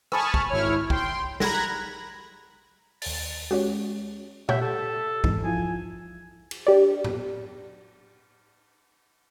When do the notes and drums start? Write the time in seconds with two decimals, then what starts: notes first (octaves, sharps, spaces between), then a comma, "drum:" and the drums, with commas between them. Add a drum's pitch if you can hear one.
0.12 G#5 A5 B5 C#6 D#6 F6, drum: rim click
0.34 drum: kick
0.49 G#1 E4 C#5 F6
0.90 G5 C6, drum: kick
1.40 A#5 B5 F#6 G#6 A#6, drum: snare
3.02 D#2 A6, drum: open hi-hat
3.51 G#3 C#4 F#4 G4 C#5
4.49 G4 C#5 E5 F#5 G6, drum: tom A#2
4.61 G4 A4
5.24 F2 G#2 E3, drum: kick
5.44 F3 E4 F4 G#5
6.51 drum: cymbal
6.67 D4 G4 D5
7.04 drum: tom A2